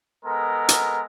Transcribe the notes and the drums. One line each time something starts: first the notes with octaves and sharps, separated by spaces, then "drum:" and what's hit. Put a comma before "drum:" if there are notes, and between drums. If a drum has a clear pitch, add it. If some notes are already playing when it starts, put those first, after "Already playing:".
G#3 B3 A4 A#4
drum: hi-hat